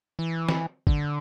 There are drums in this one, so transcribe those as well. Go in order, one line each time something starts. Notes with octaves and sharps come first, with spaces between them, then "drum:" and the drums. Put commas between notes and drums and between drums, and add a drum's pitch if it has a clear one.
E3
drum: snare
D3, drum: kick